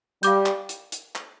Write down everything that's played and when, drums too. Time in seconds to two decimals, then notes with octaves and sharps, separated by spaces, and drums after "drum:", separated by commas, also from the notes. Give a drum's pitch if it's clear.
0.23 G3 F5 D6 G6, drum: hi-hat
0.46 drum: clap
0.69 drum: hi-hat
0.92 drum: hi-hat
1.15 drum: clap